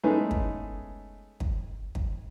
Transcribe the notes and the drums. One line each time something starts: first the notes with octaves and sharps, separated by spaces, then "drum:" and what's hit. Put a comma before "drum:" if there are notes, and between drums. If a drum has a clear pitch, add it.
G#3 A3 B3 C#4 D#4 G#4
drum: kick
drum: kick
drum: kick